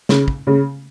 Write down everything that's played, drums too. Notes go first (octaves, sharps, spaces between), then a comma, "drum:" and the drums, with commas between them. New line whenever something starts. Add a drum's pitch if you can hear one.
C#3, drum: snare
drum: kick
C#3